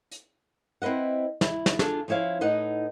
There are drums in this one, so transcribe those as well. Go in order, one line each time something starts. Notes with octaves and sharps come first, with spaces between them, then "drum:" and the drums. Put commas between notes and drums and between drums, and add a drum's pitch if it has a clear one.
drum: hi-hat
C4 E4 B4 D#5 F#5
E4, drum: snare
drum: snare
D4 F4 G#4 A4, drum: snare
F3 C#4 E4 C#5 F5
A2 D#4 B4 D#5 F#5